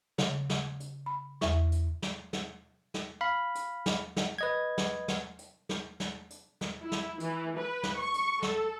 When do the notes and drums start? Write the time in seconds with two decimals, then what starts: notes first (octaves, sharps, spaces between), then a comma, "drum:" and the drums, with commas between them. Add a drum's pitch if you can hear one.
0.18 C#3, drum: snare
0.50 drum: snare
0.80 drum: hi-hat
1.06 B5
1.41 E2 E5 C#6, drum: snare
1.72 drum: hi-hat
2.02 drum: snare
2.33 drum: snare
2.94 drum: snare
3.21 F5 B5
3.55 drum: hi-hat
3.86 drum: snare
4.16 drum: snare
4.39 B4 D#5 G#6
4.78 drum: snare
5.08 drum: snare
5.39 drum: hi-hat
5.69 drum: snare
6.00 drum: snare
6.30 drum: hi-hat
6.61 drum: snare
6.82 E4
6.92 drum: snare
7.20 E3, drum: hi-hat
7.57 B4
7.83 drum: snare
7.96 C#6
8.14 drum: hi-hat
8.42 A4, drum: snare